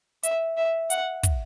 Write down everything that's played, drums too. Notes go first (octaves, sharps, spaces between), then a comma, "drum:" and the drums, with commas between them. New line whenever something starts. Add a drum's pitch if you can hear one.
E5, drum: hi-hat
E5
F#5, drum: hi-hat
drum: kick, hi-hat